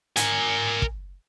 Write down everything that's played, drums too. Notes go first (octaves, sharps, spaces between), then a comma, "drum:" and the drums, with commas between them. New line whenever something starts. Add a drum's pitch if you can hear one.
A#4 G#5, drum: hi-hat
drum: kick